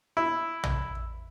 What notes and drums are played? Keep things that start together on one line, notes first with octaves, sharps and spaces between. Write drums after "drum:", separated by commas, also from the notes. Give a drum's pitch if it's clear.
E4
drum: tom A#1